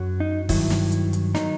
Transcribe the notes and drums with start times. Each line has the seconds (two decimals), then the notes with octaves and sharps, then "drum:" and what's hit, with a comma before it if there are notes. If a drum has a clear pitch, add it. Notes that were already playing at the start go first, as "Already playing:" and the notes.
Already playing: F#2 F#3
0.20 D#4
0.49 G2 D#3 F#3 E4, drum: kick, open hi-hat
0.70 drum: snare
0.92 drum: hi-hat
1.13 drum: hi-hat
1.35 D#3 F#3 D#4, drum: snare